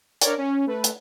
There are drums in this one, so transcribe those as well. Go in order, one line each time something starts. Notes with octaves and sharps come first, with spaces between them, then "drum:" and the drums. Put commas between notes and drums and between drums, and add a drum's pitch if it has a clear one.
D4 A#4 C#5 D5, drum: hi-hat
C#4
A3 B4
drum: hi-hat